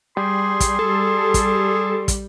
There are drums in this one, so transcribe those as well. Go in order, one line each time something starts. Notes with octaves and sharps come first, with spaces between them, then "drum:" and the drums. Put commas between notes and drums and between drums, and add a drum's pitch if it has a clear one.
G3 G#4 C6
drum: kick, hi-hat
G3 A4
drum: kick, hi-hat
drum: kick, hi-hat